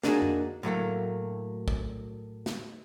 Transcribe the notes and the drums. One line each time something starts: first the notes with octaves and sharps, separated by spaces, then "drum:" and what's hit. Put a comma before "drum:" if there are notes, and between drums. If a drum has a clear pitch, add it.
A#3 D4 D#4 F4 F#4 G#4, drum: snare
drum: tom F2
A2 F#3 A3 A#3
drum: kick
drum: snare